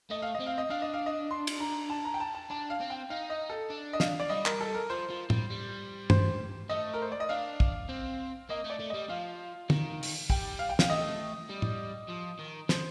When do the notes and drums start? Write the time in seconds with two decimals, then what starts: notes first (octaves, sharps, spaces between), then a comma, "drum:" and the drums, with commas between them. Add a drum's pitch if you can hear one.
0.10 A3 D#5
0.22 F5
0.35 D#5
0.40 C4
0.47 F5
0.58 D#5
0.70 D4 F5
0.82 D#5
0.94 F5
1.06 D#5
1.31 C6
1.47 drum: cymbal
1.60 A#5
1.90 A5
2.05 A#5
2.14 G5
2.20 A5
2.35 A5
2.50 D4 A5
2.70 F5
2.80 C4
2.90 G5
3.10 D#4 F5
3.30 D#5
3.50 A4
3.70 D4
3.93 D#5
4.00 F5, drum: snare
4.20 D5
4.30 G3 D#5
4.46 A#4, drum: clap
4.61 A4
4.74 A#4
4.90 F3 C5
5.10 F3
5.30 G3, drum: tom
5.50 G3
6.10 C5, drum: tom
6.70 A3 D#5
6.94 A#4
7.02 C5
7.12 D5
7.20 D#5
7.29 D4 F5
7.60 drum: kick
7.89 C4
8.49 A#3 D#5
8.64 A3
8.70 D5
8.80 A3
8.90 G3 D#5
9.09 F3 F5
9.70 D#3, drum: tom
10.03 drum: open hi-hat
10.30 G3 G5, drum: kick
10.59 F5
10.69 G5
10.79 F5, drum: snare
10.90 A3 D#5
11.49 G3
11.62 drum: tom
12.09 F3
12.39 D#3
12.69 D3 C5, drum: snare